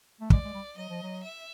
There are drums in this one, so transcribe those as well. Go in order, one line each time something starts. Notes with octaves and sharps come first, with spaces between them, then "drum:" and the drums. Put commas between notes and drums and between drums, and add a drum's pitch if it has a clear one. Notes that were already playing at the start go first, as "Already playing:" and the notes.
A3
G#3 D5, drum: kick
G#3
G3
F#3 D#5
F3
F#3
E5